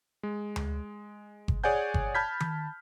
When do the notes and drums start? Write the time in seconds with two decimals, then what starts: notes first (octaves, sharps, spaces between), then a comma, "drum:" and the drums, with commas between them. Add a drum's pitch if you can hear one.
0.23 G#3
0.56 drum: tom D2
1.48 drum: kick G1
1.64 G#4 C#5 D5 F#5 G#5 G6
1.94 drum: kick G1
2.15 A5 B5 F6 G6 G#6 B6
2.40 drum: tom D#3